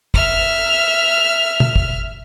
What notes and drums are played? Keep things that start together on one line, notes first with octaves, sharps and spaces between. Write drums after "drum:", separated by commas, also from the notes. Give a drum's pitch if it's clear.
E5 F6, drum: kick
drum: tom
drum: kick